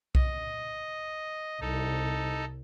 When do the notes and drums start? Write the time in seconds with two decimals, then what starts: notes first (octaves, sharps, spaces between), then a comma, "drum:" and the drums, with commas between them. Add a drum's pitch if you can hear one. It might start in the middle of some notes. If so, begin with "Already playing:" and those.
0.15 D#5, drum: kick B1
1.61 C2 D#4 A4